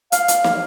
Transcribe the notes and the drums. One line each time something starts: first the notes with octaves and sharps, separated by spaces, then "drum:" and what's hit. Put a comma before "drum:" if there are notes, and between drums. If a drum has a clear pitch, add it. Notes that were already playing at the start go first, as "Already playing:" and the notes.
F5, drum: hi-hat
drum: hi-hat
drum: snare